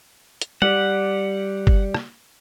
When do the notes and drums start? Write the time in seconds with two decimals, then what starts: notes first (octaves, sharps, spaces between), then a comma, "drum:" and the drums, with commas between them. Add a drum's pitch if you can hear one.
0.42 drum: hi-hat
0.62 G3 F#5, drum: tom
1.67 drum: kick F#1
1.94 drum: rim click